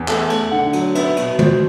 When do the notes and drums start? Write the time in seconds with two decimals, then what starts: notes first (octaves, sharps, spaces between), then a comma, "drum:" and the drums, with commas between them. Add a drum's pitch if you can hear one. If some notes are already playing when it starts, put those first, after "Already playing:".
Already playing: E2
0.08 A3 A5, drum: clap
0.30 A3, drum: cymbal
0.51 D3 F#5
0.73 F#3, drum: cymbal
0.95 B3 E5, drum: cymbal
1.17 B2, drum: cymbal
1.39 B2 C5, drum: tom